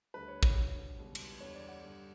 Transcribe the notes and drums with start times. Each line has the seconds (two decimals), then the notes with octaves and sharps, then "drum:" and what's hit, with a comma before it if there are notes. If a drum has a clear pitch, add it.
0.14 D2 D3 G3 B4
0.28 C#5
0.43 C#5, drum: kick
0.56 G2 F#3
0.98 C#2 B2 G3
1.15 drum: cymbal
1.40 E2 D3 G3 C#5
1.55 D5
1.68 F#5
1.82 G2 D3 G3